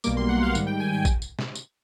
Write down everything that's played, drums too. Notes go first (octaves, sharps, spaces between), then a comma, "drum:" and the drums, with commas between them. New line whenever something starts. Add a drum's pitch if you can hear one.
B1 B2 G3 A#3 D6, drum: tambourine
C6
F#5
F5
G#2 D#3 G3 F#5, drum: tambourine
G5
G#5
G5
drum: kick, tambourine
drum: tambourine
drum: snare
drum: tambourine